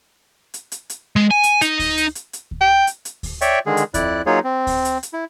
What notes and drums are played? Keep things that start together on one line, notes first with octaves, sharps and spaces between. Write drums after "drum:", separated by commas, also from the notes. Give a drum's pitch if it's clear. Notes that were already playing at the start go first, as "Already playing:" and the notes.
drum: hi-hat
drum: hi-hat
drum: hi-hat
G#3
G#5
drum: hi-hat
D#4, drum: hi-hat
drum: kick D2, open hi-hat
drum: hi-hat
drum: hi-hat
drum: hi-hat
drum: kick D2
G5
drum: hi-hat
drum: hi-hat
drum: kick D2, open hi-hat
C#5 D5 E5 G5 C#6, drum: hi-hat
D3 D#3 G#3 G#4
drum: hi-hat
F2 E4 D5 F#6, drum: kick D2, hi-hat
F#3 A#3 D#4 F4 G#4 C#5
C4
drum: kick D2, open hi-hat
drum: hi-hat
drum: hi-hat
E4